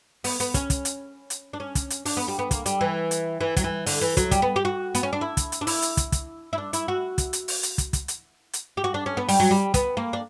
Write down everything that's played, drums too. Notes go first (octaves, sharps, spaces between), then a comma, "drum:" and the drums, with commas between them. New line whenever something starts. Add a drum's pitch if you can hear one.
B3, drum: open hi-hat
B3, drum: hi-hat
C#4, drum: kick, hi-hat
drum: kick, hi-hat
drum: hi-hat
drum: hi-hat
D4
C#4
drum: kick, hi-hat
drum: hi-hat
D4, drum: open hi-hat
B3
G3
B3
A#3, drum: kick, hi-hat
G3, drum: hi-hat
E3
drum: hi-hat
E3
F#3, drum: kick, hi-hat
E3
D3, drum: open hi-hat
E3
F#3, drum: kick, hi-hat
G3, drum: kick, hi-hat
B3
G4
F#4
B3, drum: hi-hat
C#4
D4
E4
drum: kick, hi-hat
drum: hi-hat
D4
E4, drum: open hi-hat
drum: hi-hat
drum: kick, hi-hat
drum: kick, hi-hat
E4
D4
E4, drum: hi-hat
F#4
drum: kick, hi-hat
drum: hi-hat
drum: open hi-hat
drum: hi-hat
drum: kick, hi-hat
drum: kick, hi-hat
drum: hi-hat
drum: hi-hat
G4
F#4
D4
C#4
B3
G3, drum: open hi-hat
F#3
G3
B3, drum: kick, hi-hat
A#3
D4